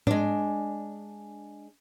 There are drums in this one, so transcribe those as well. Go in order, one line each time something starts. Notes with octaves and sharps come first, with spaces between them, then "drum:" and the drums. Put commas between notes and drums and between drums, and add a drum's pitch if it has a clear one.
G#3 D4, drum: tom G#2